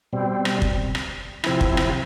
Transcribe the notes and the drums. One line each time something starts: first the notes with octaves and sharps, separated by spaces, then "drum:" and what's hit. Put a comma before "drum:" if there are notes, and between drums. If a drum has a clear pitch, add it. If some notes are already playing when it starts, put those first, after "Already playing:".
B2 G3 C4
drum: rim click
drum: kick
drum: rim click
C3 F3 C4 E4, drum: rim click
drum: kick
drum: rim click